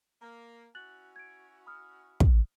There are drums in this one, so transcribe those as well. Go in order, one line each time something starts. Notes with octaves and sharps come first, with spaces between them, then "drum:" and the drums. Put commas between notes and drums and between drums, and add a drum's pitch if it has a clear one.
A#3 A#5
C#4 E4 F#4 F#6 A6 F#7
G#6 D7
B5 D#6 F6
drum: kick